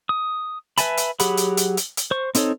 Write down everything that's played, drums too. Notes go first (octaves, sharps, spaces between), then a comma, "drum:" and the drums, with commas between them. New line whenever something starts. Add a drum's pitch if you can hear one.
D#6
B4 E5 G#5 A5 B5, drum: hi-hat
drum: hi-hat
F#3 G4 G#4 F#5 B5, drum: hi-hat
drum: hi-hat
drum: hi-hat
drum: hi-hat
drum: hi-hat
C5 C#6
C4 D#4 A4 C#5, drum: hi-hat